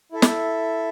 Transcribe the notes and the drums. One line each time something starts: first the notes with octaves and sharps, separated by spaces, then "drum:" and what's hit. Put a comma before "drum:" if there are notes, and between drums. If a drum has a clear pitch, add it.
E4 A4 E5
drum: snare